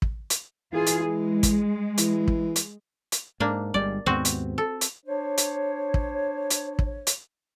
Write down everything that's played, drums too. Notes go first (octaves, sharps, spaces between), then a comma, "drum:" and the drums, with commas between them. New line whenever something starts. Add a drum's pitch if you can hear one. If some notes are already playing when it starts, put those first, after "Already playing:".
drum: kick
drum: hi-hat
E3 F4 G#4
drum: hi-hat
G#3
drum: kick, hi-hat
E3, drum: hi-hat
drum: kick
drum: hi-hat
drum: hi-hat
G#2 A#3 D4
G1 G3 G#3 D5
D#2 G#2 B3 C4 F#4
drum: hi-hat
A4
drum: hi-hat
D4 C5 C#5
drum: hi-hat
drum: kick
drum: hi-hat
drum: kick
drum: hi-hat